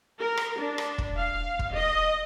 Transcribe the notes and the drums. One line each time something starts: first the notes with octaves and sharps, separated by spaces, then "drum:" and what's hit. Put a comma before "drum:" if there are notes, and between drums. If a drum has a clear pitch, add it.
A#4
drum: rim click
D4
drum: rim click
drum: kick
F5
drum: kick
D#5